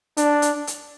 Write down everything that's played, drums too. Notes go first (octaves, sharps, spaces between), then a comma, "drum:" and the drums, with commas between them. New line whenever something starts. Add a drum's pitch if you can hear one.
D4, drum: hi-hat
drum: hi-hat
drum: hi-hat